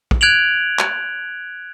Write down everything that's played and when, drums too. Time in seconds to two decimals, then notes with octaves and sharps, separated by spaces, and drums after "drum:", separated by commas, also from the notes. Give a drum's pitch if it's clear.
0.11 drum: kick
0.21 F#6 G#6 D7 F7 F#7
0.79 drum: clap